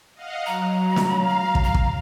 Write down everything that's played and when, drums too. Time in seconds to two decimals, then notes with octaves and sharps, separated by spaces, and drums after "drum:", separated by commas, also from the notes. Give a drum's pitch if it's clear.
0.13 D#5 F5 F#5
0.46 F#3 A#5
0.96 drum: snare
1.16 F5
1.55 drum: kick
1.64 A#5
1.74 drum: kick